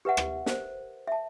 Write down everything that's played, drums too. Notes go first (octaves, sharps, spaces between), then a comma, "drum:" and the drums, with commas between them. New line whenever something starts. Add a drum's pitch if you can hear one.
G4 B4 E5 F#5
drum: rim click
A#4 C5, drum: snare
E5 A5